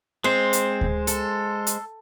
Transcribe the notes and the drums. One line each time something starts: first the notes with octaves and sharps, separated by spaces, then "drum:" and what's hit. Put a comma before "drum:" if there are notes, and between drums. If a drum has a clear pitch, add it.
G#3 C4 C5
drum: hi-hat
drum: kick D2
A4, drum: hi-hat
drum: hi-hat